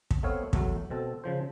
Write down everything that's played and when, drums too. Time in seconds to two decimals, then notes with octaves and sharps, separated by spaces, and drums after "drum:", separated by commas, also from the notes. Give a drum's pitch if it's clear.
0.11 drum: kick
0.23 A3 B3 C4 C#5 F5
0.53 E2 A2 F#3 A3, drum: kick
0.90 B2 C4 A4
1.24 C#3 F3 C5